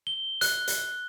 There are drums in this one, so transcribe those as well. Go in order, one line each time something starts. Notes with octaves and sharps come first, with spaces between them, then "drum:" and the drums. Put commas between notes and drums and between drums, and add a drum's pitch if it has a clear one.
G7
F#6, drum: hi-hat
drum: hi-hat